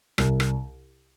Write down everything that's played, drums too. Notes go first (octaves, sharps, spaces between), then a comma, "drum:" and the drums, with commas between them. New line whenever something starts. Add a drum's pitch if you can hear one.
C2, drum: rim click
drum: rim click